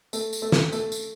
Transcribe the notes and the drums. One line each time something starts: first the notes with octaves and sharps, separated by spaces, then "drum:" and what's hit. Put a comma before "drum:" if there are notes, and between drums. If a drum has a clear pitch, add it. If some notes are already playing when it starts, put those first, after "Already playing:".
A3, drum: tambourine
drum: tambourine
A3
drum: snare
A3, drum: tambourine
drum: tambourine